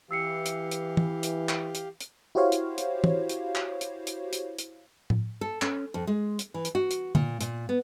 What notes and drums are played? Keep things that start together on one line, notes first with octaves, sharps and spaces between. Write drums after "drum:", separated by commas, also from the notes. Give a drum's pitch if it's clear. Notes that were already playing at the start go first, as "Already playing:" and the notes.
E3 G4 F5 E6 C7 C#7
drum: hi-hat
drum: hi-hat
drum: tom
drum: hi-hat
drum: clap
drum: hi-hat
drum: hi-hat
E4 F#4 G4 C5 C#5 F5
drum: hi-hat
drum: hi-hat
drum: tom
drum: hi-hat
drum: clap
drum: hi-hat
drum: hi-hat
drum: hi-hat
drum: hi-hat
drum: tom A2
A4
C#4, drum: clap
F2
G#3
drum: hi-hat
E3
drum: hi-hat
F#4
drum: hi-hat
A#2, drum: tom
A#2, drum: hi-hat
B3